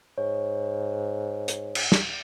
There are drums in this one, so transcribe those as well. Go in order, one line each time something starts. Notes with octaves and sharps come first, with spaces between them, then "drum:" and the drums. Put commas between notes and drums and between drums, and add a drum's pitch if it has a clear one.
G#2 C#5
drum: hi-hat
drum: cymbal
drum: snare